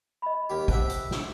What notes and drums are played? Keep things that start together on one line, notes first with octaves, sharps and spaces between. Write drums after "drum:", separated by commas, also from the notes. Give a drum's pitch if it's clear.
D#5 B5
D#5
D#2 G4
D#4 C5 E5 F#5 G5, drum: kick
drum: hi-hat
drum: snare